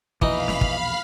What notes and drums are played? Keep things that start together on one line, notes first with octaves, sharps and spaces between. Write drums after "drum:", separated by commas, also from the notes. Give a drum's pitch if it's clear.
A#1 E2 B2 E3 D#4 F5 B5 F6, drum: kick
drum: snare
drum: kick